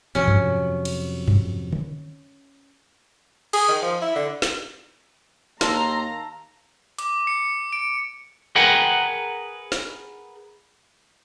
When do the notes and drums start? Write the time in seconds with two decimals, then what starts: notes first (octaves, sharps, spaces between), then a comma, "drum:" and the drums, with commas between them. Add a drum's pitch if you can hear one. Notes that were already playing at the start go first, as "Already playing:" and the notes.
0.15 F2 C3 F#3 C#4
0.28 drum: tom F#2
0.85 drum: cymbal
1.28 drum: tom F#2
1.73 drum: tom
3.53 G#4, drum: cymbal
3.68 D#3
3.82 F3
4.02 E4
4.15 D3
4.42 drum: snare
5.61 D#2 F5 A5 A#5 C6 E6, drum: snare
6.98 D6, drum: hi-hat
7.27 C#7
7.73 D7
8.55 G#4 A#4 B4 F#5 G5
9.72 drum: snare